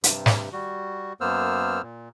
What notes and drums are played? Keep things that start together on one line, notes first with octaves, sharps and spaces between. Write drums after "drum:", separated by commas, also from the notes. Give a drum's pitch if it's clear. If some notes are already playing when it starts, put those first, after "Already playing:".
G2 C3, drum: hi-hat
drum: snare
G3 F#4
F#2 A#3 B3 C5 E6 F6
A#2